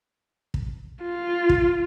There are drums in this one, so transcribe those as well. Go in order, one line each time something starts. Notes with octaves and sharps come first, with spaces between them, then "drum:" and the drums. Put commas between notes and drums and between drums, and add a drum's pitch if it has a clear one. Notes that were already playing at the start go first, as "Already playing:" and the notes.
drum: kick
F4
drum: kick